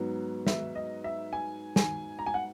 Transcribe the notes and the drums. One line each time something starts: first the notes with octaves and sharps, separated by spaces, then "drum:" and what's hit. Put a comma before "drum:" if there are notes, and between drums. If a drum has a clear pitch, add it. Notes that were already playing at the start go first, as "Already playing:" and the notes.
Already playing: G#2 F#3 B3
E5, drum: snare
D#5
E5
G#5
G#5, drum: snare
A#5
G#5
F#5